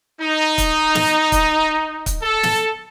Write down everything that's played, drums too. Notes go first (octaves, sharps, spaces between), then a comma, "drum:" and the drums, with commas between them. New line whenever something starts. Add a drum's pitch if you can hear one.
D#4
drum: kick, hi-hat
drum: snare
drum: kick, hi-hat
drum: kick, hi-hat
A4
drum: snare